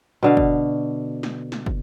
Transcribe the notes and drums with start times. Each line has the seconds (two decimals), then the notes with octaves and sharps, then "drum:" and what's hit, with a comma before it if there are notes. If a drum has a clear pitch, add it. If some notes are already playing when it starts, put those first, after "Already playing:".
0.23 B2 D3 F5
0.37 drum: kick
1.23 drum: snare
1.52 drum: snare
1.66 drum: kick